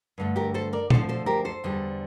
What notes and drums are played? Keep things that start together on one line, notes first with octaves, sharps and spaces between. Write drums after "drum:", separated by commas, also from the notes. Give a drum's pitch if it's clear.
G2 D3 A3
G4 A#4
A4 C5
A#4 D5
D2 D3 F3 A4 C5, drum: tom A#2
A4 C5
G4 A#4
A4 C5
E2 D3 G3